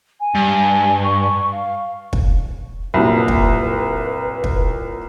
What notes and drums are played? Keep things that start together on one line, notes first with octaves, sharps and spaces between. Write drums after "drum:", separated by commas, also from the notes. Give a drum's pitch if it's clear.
G#5
G2
C#6
F5
drum: kick
C2 F#2 A#2 B4
drum: kick
drum: kick